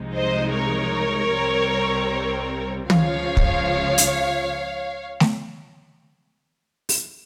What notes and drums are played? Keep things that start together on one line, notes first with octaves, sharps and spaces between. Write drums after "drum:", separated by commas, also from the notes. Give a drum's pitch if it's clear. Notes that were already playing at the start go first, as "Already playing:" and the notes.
Already playing: C2 C3 F3 G#3 D#4
C5 D#5
A#4 C#5
C2 C3 G3 C4
C#2 C#3 F3 C#5 F5, drum: tom
drum: kick
drum: hi-hat
drum: snare A3
drum: open hi-hat